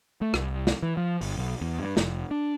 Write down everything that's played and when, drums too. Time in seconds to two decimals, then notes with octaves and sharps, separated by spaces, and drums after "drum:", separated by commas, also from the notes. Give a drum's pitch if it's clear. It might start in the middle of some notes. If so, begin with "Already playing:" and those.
0.21 A3
0.34 C2, drum: rim click
0.67 drum: snare
0.83 E3
0.97 F3
1.21 G1, drum: open hi-hat
1.37 B1
1.61 E2
1.79 G2
1.97 F1, drum: snare
2.31 D4